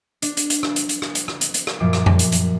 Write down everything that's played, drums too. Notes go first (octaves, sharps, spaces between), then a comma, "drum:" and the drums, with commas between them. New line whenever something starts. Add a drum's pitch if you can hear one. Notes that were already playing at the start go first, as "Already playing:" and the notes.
D4, drum: hi-hat
drum: hi-hat
drum: hi-hat
drum: rim click
drum: hi-hat
drum: hi-hat
drum: rim click
drum: hi-hat
drum: rim click
drum: hi-hat
drum: hi-hat
drum: rim click
F#2 A#2 F3 D6
drum: rim click
drum: tom F2
drum: hi-hat
drum: hi-hat